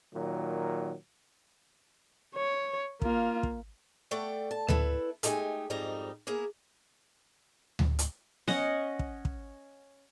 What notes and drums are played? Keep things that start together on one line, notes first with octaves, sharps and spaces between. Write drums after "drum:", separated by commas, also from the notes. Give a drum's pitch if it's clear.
A#2 D#3 F#3
C#5
A#3 F4, drum: kick
drum: kick
A3 D5 F#5 G5
A5
E4 A4 B4, drum: tom D2
G#3 A3 D#4 G4 G#5, drum: hi-hat
F2 G#2 G3 D#4 A#5
A#3 E4 G#4 A#4
drum: tom D2
drum: hi-hat
C#4 D#5 F#5, drum: snare B3
drum: kick
drum: kick